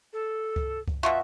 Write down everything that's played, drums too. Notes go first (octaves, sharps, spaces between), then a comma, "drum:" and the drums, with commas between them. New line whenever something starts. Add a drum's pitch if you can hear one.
A4
drum: kick C#2
drum: kick C#2
B2 F4 F#4 E5